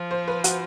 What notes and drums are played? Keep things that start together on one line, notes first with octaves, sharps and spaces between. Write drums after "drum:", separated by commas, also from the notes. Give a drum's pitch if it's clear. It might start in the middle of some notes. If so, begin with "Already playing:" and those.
Already playing: F3
C5
B4
F#4, drum: hi-hat